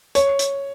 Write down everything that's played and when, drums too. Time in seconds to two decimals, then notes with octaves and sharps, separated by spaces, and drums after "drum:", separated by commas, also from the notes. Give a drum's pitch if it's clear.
0.15 C#5, drum: hi-hat
0.39 drum: hi-hat